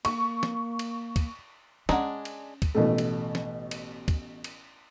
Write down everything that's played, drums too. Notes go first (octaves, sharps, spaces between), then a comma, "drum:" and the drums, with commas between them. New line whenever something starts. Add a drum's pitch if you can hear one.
A#3 C#6, drum: cymbal
drum: snare
drum: cymbal
drum: kick, cymbal
G#3 C#4 D4 F#5 A#5, drum: snare
drum: cymbal
drum: kick, cymbal
A1 B2 A3
drum: cymbal
drum: snare
drum: cymbal
drum: kick, cymbal
drum: cymbal